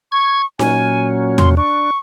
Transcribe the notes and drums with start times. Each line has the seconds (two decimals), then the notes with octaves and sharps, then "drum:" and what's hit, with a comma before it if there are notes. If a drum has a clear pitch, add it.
0.12 C#6 G#6
0.59 A#2 F#3 C#4 G#5, drum: snare D#4
1.38 C6, drum: tom E2
1.57 D4 C#6